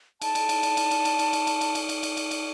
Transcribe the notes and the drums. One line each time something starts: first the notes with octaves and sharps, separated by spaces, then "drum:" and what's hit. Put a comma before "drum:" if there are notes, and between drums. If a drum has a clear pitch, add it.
A5, drum: cymbal
drum: cymbal
drum: cymbal
drum: cymbal
drum: cymbal
drum: cymbal
drum: cymbal
drum: cymbal
drum: cymbal
drum: cymbal
drum: cymbal
drum: cymbal
drum: cymbal
drum: cymbal
drum: cymbal
drum: cymbal